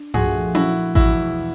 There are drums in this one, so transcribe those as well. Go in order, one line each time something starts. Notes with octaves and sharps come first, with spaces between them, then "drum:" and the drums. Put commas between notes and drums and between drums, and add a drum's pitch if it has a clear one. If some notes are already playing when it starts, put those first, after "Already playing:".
Already playing: D4
A#2 F3 A3 F#4 G#4, drum: tom G2
E4 F#4, drum: tom C#4
E2 B2 G#3 E4 F#4, drum: kick A1